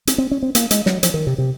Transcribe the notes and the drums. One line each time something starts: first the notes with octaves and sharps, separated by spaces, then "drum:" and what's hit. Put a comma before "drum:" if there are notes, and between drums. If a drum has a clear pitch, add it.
C4, drum: hi-hat
C4
C#4
C4
A#3, drum: hi-hat
G#3, drum: hi-hat
F#3, drum: snare
F3, drum: hi-hat
D#3
C3
C3